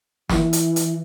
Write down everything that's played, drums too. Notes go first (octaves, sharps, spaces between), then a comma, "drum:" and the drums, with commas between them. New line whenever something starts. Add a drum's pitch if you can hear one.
E3, drum: snare
drum: hi-hat
drum: hi-hat